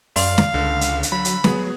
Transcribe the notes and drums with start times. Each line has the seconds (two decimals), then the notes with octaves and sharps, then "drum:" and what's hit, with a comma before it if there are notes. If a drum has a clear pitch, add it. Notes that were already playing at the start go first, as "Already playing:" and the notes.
0.16 F#2 D5 F5 C6, drum: open hi-hat
0.38 drum: snare
0.54 C#2 D3
0.81 drum: hi-hat
1.03 drum: hi-hat
1.12 F#3 B5
1.25 drum: hi-hat
1.44 F#3 B3 G#4, drum: snare